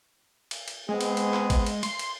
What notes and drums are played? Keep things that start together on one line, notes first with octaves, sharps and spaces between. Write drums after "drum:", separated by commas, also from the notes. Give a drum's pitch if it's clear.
drum: cymbal
drum: cymbal
G#3 B3 C4 G#4
drum: cymbal
drum: cymbal
drum: clap
drum: kick, cymbal
drum: cymbal
C6, drum: cymbal
drum: cymbal